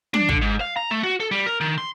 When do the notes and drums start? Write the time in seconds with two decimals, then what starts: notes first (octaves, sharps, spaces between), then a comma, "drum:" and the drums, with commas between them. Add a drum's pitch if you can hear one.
0.14 D4, drum: tom
0.29 D3, drum: kick
0.42 G#2
0.60 F5
0.77 A#5
0.91 A3
1.03 F#4
1.20 A4
1.31 G3
1.46 A#4
1.61 D#3
1.78 C6